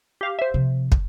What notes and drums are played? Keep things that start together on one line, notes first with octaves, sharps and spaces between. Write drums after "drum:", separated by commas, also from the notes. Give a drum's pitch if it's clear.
G4 F5
C5 E5
C3 F3
drum: kick